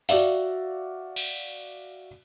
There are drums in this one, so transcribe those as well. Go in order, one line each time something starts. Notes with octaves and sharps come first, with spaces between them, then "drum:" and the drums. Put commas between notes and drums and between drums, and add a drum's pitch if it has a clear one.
F#4 D5 E5 F5, drum: open hi-hat
drum: cymbal